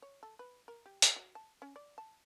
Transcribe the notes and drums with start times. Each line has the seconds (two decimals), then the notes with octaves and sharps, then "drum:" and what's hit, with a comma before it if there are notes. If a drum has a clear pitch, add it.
0.02 C#5
0.23 A4
0.39 B4
0.68 A#4
0.86 G4
1.02 drum: hi-hat
1.16 F#4
1.35 A5
1.62 C#4
1.76 D5
1.98 A5